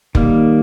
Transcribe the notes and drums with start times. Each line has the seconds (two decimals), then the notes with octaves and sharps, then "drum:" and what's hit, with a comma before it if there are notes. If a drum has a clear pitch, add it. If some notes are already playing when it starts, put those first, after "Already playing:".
0.15 D#3 G3 A#3, drum: kick F1